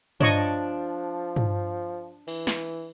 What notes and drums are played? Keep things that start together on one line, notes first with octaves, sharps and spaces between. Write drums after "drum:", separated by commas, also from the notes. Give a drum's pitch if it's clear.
F3 D4 C#5 D#5 C#6, drum: tom
drum: tom
E3, drum: cymbal
drum: snare